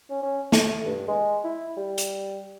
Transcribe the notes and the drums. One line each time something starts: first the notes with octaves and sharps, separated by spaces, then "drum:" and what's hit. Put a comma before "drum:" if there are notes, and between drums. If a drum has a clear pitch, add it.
C#4
C#4
A3, drum: snare
G2
G#3
E4
G3
drum: hi-hat